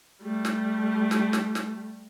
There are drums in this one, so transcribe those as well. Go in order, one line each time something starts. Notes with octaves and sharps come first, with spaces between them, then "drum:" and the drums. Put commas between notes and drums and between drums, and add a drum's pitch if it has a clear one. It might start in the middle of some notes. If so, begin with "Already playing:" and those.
G3 A3
drum: snare
drum: snare
drum: snare
drum: snare